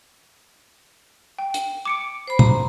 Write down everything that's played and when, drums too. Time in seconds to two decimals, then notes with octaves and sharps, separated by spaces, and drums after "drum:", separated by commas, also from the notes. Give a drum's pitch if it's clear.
1.39 G5
1.54 drum: hi-hat
1.85 D6 C#7 D7
2.27 C5 B5
2.39 A#5 C6, drum: tom